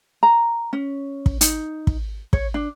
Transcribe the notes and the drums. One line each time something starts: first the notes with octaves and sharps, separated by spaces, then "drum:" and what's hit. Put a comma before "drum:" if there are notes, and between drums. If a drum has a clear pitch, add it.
A#5
C#4
drum: kick
D#4, drum: hi-hat
drum: kick
C#5, drum: kick
D4